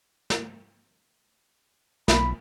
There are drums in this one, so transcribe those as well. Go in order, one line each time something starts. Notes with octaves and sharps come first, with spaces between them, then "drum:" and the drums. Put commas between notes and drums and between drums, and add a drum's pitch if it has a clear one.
drum: snare
B1 B5, drum: snare